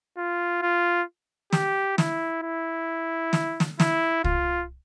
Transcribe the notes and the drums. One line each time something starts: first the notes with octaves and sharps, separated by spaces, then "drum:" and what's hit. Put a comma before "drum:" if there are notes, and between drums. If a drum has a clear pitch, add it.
F4
F4
G4, drum: snare
E4, drum: snare
E4
drum: snare
drum: snare
E4, drum: snare
F4, drum: kick